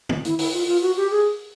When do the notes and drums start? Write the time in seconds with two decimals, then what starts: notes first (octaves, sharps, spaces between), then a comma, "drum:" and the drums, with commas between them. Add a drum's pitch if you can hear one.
0.09 drum: tom D3
0.25 E4, drum: hi-hat
0.39 E4, drum: open hi-hat
0.53 F4
0.67 F4
0.82 F#4
0.97 G4
1.11 G#4